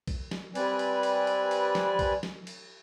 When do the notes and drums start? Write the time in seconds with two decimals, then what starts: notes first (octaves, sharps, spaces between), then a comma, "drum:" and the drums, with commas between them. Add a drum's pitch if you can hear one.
0.07 drum: kick A#1, cymbal
0.31 drum: snare
0.55 G3 C4 B4 D5 G#5, drum: cymbal
0.79 drum: cymbal
1.03 drum: cymbal
1.27 drum: cymbal
1.51 drum: cymbal
1.75 drum: snare
1.99 drum: kick A#1, cymbal
2.23 drum: snare
2.47 drum: cymbal